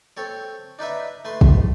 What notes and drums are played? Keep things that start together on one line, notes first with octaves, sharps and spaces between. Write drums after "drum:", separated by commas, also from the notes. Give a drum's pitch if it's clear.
C4 A4 C#5
D4 D#4 B4 E5
A3 B4 C6
drum: kick